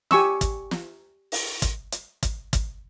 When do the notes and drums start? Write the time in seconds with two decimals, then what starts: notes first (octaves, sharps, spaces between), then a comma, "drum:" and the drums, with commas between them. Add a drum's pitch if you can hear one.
0.11 G4 G#5 C#6 E6, drum: snare
0.41 drum: kick, hi-hat
0.71 drum: snare
1.32 drum: open hi-hat
1.62 drum: kick, hi-hat
1.92 drum: hi-hat
2.23 drum: kick, hi-hat
2.53 drum: kick, hi-hat